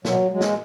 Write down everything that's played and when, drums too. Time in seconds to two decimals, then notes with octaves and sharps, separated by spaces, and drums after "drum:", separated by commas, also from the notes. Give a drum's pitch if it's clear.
0.05 B2 F#3, drum: snare
0.31 F#3 G#3
0.41 drum: snare